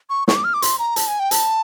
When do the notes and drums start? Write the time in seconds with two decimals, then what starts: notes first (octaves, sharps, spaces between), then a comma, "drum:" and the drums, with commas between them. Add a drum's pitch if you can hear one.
0.10 C#6
0.28 C#6, drum: snare
0.36 D6
0.44 F6
0.54 D6
0.62 C6, drum: hi-hat
0.79 A#5
0.96 A5, drum: hi-hat
1.07 G#5
1.20 G5
1.31 A5, drum: hi-hat